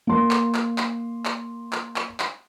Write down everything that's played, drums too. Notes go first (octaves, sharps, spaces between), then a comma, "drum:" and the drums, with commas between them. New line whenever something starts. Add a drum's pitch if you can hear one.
A#3 C6
drum: clap
drum: clap
drum: clap
drum: clap
drum: clap
drum: clap
drum: clap